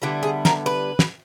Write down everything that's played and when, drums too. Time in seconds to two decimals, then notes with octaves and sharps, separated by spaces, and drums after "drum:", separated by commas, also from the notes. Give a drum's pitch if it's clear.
0.02 D3 G3 B3 E4 G4
0.23 G#4
0.45 A#4, drum: snare
0.66 B4
0.99 drum: snare